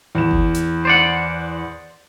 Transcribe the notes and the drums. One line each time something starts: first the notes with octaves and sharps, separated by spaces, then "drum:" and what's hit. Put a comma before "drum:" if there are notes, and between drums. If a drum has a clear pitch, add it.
E2 E7
drum: kick G1
drum: hi-hat
C5 D5 F#5